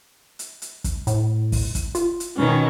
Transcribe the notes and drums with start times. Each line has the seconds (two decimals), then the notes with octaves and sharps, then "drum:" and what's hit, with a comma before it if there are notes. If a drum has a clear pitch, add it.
0.39 drum: hi-hat
0.62 drum: hi-hat
0.84 drum: kick, hi-hat
1.07 A2, drum: hi-hat
1.52 drum: kick, open hi-hat
1.75 drum: kick, hi-hat
1.95 F4, drum: hi-hat
2.20 drum: hi-hat
2.37 B2 D#3 C#4